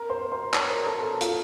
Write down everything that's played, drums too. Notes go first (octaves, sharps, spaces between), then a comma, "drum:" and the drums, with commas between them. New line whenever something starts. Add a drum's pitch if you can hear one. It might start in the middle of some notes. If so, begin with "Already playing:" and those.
Already playing: A#4 A#5
C5 C6
C5 C6
C#5 C#6, drum: clap
A#4 A#5
A4 A5
A4 A5
F4 F5, drum: hi-hat